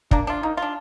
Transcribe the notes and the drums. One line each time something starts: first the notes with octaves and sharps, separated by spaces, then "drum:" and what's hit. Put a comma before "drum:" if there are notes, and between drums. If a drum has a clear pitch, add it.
A#3 D4, drum: kick
D4 F4
A#3 D#4
D4 F4